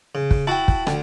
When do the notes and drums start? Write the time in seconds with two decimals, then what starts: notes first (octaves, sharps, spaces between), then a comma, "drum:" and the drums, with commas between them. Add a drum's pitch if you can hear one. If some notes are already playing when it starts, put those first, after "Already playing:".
0.15 C#3
0.31 drum: kick
0.47 E4 F#4 G5 A5
0.68 drum: kick
0.87 D2 D3, drum: rim click